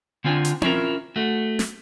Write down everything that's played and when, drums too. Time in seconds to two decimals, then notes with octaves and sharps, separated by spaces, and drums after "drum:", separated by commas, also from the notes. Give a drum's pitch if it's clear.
0.24 D3 C4 D4 F4 G#5
0.45 drum: hi-hat
0.62 C#4 E4 F4 A#4, drum: tom C4
1.16 A3 F#4
1.59 drum: snare